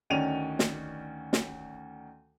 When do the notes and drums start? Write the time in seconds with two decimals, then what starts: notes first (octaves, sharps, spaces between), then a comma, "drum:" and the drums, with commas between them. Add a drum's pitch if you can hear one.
0.10 D2 D#3 C#4 D5 D#7 F7
0.59 drum: snare
1.33 drum: snare